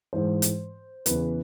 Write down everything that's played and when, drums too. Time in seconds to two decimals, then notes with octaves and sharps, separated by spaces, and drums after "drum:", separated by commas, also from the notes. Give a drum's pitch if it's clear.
0.13 G#2 E3 C5
0.42 drum: hi-hat
1.06 E2 C#3 E3 B4, drum: hi-hat